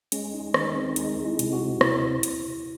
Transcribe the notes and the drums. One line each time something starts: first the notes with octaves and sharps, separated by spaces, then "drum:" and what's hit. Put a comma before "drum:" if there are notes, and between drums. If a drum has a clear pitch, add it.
G#3 C#4, drum: hi-hat
D#4
D#3 C#4, drum: rim click
C4
G#3 D#4, drum: hi-hat
E4
C3, drum: hi-hat
F#4
C3 E4, drum: rim click
drum: hi-hat